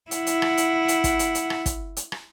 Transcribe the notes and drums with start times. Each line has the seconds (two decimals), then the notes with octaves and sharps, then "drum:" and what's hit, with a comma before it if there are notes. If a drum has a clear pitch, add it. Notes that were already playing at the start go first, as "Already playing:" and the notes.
0.11 E4 F#5, drum: hi-hat
0.27 drum: hi-hat
0.42 drum: rim click
0.57 drum: hi-hat
0.88 drum: hi-hat
1.04 drum: kick, hi-hat
1.19 drum: hi-hat
1.35 drum: hi-hat
1.50 drum: rim click
1.66 drum: kick, hi-hat
1.97 drum: hi-hat
2.12 drum: rim click